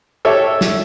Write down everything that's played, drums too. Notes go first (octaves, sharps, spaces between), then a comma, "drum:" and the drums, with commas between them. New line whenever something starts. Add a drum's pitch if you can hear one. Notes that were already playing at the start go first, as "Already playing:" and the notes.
G4 A4 C#5 E5
drum: snare